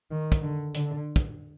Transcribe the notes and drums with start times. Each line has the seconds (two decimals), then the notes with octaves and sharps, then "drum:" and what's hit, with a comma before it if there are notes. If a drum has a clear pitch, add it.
0.11 D#3
0.32 drum: kick, hi-hat
0.42 D3
0.74 D3, drum: hi-hat
1.16 drum: kick, hi-hat